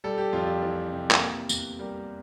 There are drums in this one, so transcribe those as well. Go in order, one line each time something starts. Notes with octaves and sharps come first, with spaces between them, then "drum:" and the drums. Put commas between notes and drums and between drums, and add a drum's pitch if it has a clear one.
G3 A4
G4
F2 F4
G4
E3
C3
drum: clap
A#3
E2, drum: tambourine
G3 A#4